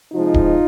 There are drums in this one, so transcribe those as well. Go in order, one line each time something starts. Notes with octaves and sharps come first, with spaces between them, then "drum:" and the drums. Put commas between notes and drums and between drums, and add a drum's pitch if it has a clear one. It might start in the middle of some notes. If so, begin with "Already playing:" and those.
C3 F3 G#3 D#4 F4
drum: kick D1